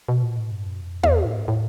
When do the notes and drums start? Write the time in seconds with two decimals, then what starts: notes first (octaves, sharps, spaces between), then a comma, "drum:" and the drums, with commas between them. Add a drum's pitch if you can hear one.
0.08 B2
0.23 A#2
0.38 A2
0.52 G2
0.67 F#2
0.81 F2
1.03 E2, drum: tom
1.25 A2
1.37 G#2
1.48 A2